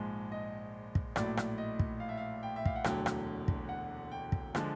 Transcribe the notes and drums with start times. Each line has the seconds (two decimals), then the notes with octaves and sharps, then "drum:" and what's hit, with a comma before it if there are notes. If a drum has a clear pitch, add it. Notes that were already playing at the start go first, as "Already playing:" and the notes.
Already playing: A#1 G#2 F3 G#3
0.32 D#5
0.95 drum: kick
1.16 A#1 A2 F#3 D5, drum: rim click
1.37 drum: rim click
1.58 D#5
1.79 drum: kick
2.00 F5
2.09 E5
2.18 F5
2.43 G5
2.56 E5
2.65 F5, drum: kick
2.76 F#5
2.84 E1 D2 D3 F#3 G5, drum: rim click
3.06 drum: rim click
3.48 drum: kick
3.69 F#5
4.12 G5
4.32 drum: kick
4.55 D3 F3 G#3, drum: rim click